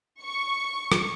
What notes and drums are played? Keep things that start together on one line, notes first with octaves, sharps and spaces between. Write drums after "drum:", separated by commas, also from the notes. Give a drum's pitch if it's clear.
C#6
drum: rim click